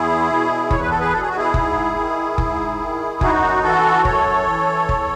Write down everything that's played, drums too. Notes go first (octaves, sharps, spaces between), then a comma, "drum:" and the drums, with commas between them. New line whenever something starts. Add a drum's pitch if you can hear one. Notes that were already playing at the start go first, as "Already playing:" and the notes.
Already playing: E2 E4 G#4
B2
E2 C#5, drum: kick F#1
B4
A4
G#4 B4
B2 A4
G#4
F#4
E4 G#4
G#2, drum: kick F#1
D#3
G#2, drum: kick F#1
D#3
F#2 D#4 F#4, drum: kick F#1
E3 F#4 A4
F#2 A4 C#5, drum: kick F#1
E3
E2, drum: kick F#1